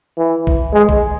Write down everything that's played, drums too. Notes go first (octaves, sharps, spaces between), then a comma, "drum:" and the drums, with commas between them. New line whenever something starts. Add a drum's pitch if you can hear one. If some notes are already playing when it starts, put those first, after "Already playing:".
E3
drum: kick
G#3
drum: kick